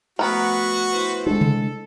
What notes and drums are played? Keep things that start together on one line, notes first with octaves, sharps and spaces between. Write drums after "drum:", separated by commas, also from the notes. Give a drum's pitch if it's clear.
F3 A3 B3 F#4 A#4 B4
E4 B4 C5
G#3 D4 A4
drum: tom C3